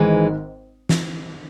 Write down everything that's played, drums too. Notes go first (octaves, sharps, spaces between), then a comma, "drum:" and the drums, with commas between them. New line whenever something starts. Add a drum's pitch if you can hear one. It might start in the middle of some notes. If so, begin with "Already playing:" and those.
Already playing: G#1 G#2 D#3 E3 G#3
drum: snare